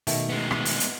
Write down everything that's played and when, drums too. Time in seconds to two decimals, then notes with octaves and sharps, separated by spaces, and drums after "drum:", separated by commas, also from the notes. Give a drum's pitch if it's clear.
0.07 B2 D#3 A3, drum: open hi-hat
0.29 G#3 B3
0.51 drum: rim click
0.65 drum: open hi-hat
0.80 drum: hi-hat